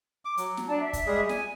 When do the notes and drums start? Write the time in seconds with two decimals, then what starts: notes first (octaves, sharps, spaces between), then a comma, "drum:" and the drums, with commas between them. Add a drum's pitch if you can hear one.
0.25 D6
0.37 F#3, drum: hi-hat
0.57 drum: snare
0.67 D4 A5
0.80 E5
0.93 drum: kick, hi-hat
1.06 G3 G#3 G#4
1.29 G#5, drum: snare